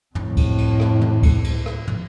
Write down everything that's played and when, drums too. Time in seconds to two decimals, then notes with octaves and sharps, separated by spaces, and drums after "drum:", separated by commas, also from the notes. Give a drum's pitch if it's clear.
0.15 F2 A2, drum: tom
0.37 drum: kick C#2, cymbal
0.58 drum: cymbal
0.80 drum: rim click
1.01 drum: tom
1.23 drum: kick C#2, cymbal
1.44 drum: cymbal
1.66 drum: rim click
1.88 drum: tom